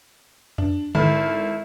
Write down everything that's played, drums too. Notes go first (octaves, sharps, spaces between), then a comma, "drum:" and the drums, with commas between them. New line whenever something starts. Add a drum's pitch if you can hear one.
D4, drum: tom F2
G#1 E4 A4 F6, drum: tom D3